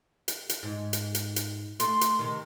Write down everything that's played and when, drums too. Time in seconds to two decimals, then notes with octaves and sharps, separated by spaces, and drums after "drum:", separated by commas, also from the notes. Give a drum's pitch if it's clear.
0.28 drum: hi-hat
0.49 drum: hi-hat
0.63 G#2
0.93 drum: hi-hat
1.15 drum: hi-hat
1.36 drum: hi-hat
1.80 A3 C6, drum: hi-hat
2.01 drum: hi-hat
2.19 C3 D#3